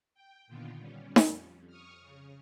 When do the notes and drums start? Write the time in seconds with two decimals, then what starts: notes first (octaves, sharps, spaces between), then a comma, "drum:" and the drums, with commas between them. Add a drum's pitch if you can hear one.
0.14 G5
0.47 A#2 D3 D#3 B3 F4
0.79 G3 C#4
1.16 drum: snare D#4
1.26 F2
1.67 C#6 D#6 F6
2.01 C#3